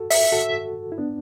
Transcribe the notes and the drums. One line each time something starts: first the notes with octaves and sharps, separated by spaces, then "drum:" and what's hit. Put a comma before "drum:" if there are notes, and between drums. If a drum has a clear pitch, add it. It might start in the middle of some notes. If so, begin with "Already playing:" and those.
Already playing: F#4 A4
E5, drum: open hi-hat
F#4 A4
E4
B3 D4